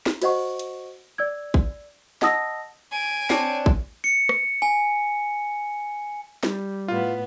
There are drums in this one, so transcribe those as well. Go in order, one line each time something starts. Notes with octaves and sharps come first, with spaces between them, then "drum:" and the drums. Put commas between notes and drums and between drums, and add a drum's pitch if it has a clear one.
drum: snare
F#4 C5 D#5 F#5 C#6, drum: cymbal
drum: hi-hat
D5 E6 G#6
drum: kick
D#5 F#5 A5 D#6 E6 A#6, drum: snare
G#5 D7
C4 D4 C#5, drum: snare
drum: kick
C#7
drum: rim click
G#5
G3, drum: snare
A2 B3 F4